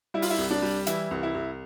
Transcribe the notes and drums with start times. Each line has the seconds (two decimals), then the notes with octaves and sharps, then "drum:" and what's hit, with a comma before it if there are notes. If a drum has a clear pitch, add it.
0.14 G3 E4
0.22 F4, drum: open hi-hat
0.30 E4
0.38 C2
0.51 D4
0.62 G3
0.87 E3 E4, drum: hi-hat
1.11 C2
1.23 E4
1.35 C2